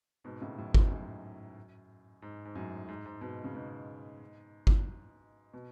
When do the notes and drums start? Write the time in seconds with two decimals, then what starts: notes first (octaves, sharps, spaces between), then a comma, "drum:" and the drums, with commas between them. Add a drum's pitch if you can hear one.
0.24 G#2 B2
0.41 A2 C#3
0.58 F#2 A2
0.75 G#2, drum: kick G1
0.90 F#2
2.22 G#2
2.45 G#2
2.55 F#2 A2
2.88 G#2
3.06 G#2
3.21 G#2 B2
3.44 C#3
3.54 G#2 B2
4.67 drum: kick G1
5.54 B2